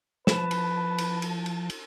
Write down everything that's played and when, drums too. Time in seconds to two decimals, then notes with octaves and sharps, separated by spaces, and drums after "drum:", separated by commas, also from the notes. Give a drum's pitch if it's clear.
0.27 F3 B4 A5, drum: snare
0.51 drum: cymbal
0.98 drum: cymbal
1.22 drum: cymbal
1.46 drum: cymbal
1.70 drum: cymbal